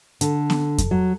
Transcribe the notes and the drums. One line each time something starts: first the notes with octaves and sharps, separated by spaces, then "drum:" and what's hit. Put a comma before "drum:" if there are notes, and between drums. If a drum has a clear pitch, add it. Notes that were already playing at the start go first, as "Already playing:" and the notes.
D3, drum: hi-hat
drum: snare B3
drum: kick F2, hi-hat
F#3